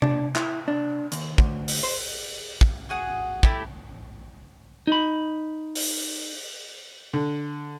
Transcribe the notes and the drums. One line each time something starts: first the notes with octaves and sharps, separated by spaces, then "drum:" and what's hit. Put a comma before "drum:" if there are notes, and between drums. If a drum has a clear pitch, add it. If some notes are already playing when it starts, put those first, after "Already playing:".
D4, drum: tom C3
E4, drum: clap
D4
D#2, drum: hi-hat
D2, drum: kick
drum: open hi-hat
C5
drum: kick
F#4 G#4 F#5
A3 E4 G4, drum: kick
D#4 B5
drum: open hi-hat
D3